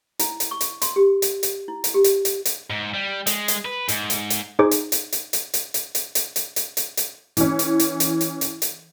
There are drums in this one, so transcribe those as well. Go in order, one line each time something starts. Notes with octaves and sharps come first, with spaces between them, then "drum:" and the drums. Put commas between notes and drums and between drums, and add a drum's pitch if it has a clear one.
E4, drum: hi-hat
drum: hi-hat
C#6
drum: hi-hat
C6, drum: hi-hat
G4
drum: hi-hat
drum: hi-hat
E4
drum: hi-hat
G4
drum: hi-hat
drum: hi-hat
drum: hi-hat
G#2
G3
G#3, drum: hi-hat
drum: hi-hat
B4
G#2, drum: hi-hat
drum: hi-hat
drum: hi-hat
D#4 G#4 C5 D6
drum: hi-hat
drum: hi-hat
drum: hi-hat
drum: hi-hat
drum: hi-hat
drum: hi-hat
drum: hi-hat
drum: hi-hat
drum: hi-hat
drum: hi-hat
drum: hi-hat
drum: hi-hat
E3 C#4, drum: hi-hat
drum: hi-hat
drum: hi-hat
drum: hi-hat
drum: hi-hat
drum: hi-hat
drum: hi-hat